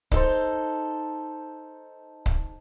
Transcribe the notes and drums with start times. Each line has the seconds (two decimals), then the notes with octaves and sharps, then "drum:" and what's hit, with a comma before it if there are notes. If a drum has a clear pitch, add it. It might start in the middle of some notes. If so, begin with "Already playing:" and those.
0.11 D#4 A4 C5, drum: kick C#1
2.26 drum: kick C#1